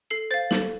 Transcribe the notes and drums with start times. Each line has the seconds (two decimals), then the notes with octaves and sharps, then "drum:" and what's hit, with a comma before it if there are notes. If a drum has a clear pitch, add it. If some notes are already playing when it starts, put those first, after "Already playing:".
0.11 A4 C7
0.31 C5 F5 A6
0.51 A4, drum: snare